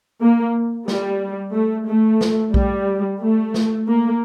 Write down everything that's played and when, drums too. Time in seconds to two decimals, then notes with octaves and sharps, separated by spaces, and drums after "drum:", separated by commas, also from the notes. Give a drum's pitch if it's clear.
0.21 A#3
0.88 G3, drum: snare
1.54 A3
1.88 A3
2.21 drum: snare
2.54 G3, drum: kick A#1
3.20 A3
3.54 drum: snare
3.88 A#3